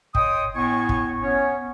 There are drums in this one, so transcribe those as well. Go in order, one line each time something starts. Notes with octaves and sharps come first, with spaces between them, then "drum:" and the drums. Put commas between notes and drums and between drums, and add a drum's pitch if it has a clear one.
C#5 D#5 G5 C6 D#6, drum: kick
A2 B3 G#5 C#6
drum: kick
B3 C#4 C#5